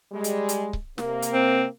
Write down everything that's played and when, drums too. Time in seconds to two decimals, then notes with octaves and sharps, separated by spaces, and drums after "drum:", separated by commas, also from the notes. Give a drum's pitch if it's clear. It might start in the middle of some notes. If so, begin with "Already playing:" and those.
0.12 G3 G#3
0.24 drum: hi-hat
0.49 drum: hi-hat
0.73 drum: kick C#1
0.98 C3 A#3, drum: snare
1.22 drum: hi-hat
1.33 C4